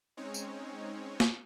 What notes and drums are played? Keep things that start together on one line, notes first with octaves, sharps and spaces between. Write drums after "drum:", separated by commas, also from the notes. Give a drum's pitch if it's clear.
G#3 C4 C#4 D#4 C#5
drum: tambourine
drum: snare